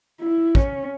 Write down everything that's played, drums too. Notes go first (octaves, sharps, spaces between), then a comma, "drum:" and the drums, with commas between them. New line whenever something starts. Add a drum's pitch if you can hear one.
E4
C#4, drum: kick